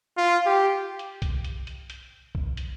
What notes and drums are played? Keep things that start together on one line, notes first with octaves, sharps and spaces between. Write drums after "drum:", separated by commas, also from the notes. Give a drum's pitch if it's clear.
F4
G4
drum: hi-hat
drum: kick B1, hi-hat
drum: hi-hat
drum: hi-hat
drum: hi-hat
drum: kick B1
drum: hi-hat